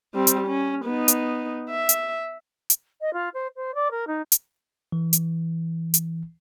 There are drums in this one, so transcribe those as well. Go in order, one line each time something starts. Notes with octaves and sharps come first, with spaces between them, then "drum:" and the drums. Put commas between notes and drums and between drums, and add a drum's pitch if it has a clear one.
G3 C4
drum: hi-hat
C#4
B3 D#4
drum: hi-hat
E5
drum: hi-hat
drum: hi-hat
D#5
F4
C5
C5
D5
A#4
D#4
drum: hi-hat
E3
drum: hi-hat
drum: hi-hat